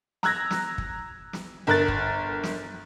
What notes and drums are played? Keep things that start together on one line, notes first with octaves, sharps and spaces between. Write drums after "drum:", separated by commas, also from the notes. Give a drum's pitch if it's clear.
A#5 E6 F#6 G#6 A#6, drum: snare
drum: snare
drum: kick
drum: snare
G1 A#4 F#6 A6
drum: kick
drum: snare